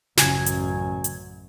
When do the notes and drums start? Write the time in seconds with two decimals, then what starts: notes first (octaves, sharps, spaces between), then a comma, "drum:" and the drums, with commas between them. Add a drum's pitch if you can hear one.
0.17 A1 F#2 C#3 G#5 G#6, drum: snare
0.46 drum: hi-hat
1.04 drum: hi-hat